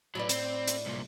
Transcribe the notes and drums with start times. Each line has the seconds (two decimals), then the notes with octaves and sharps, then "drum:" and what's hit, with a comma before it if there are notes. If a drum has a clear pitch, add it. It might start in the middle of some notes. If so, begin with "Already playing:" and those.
0.15 A2 F#3 E4 B4 D5
0.29 C4, drum: hi-hat
0.67 drum: hi-hat
0.86 C2 A#2